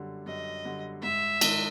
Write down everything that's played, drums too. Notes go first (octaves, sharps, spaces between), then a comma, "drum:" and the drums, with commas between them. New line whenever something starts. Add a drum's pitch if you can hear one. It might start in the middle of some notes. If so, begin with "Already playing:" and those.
Already playing: F#2 D3 G3
F#2 D#5
D3 G3
G#2 E5
D#3 G#3, drum: cymbal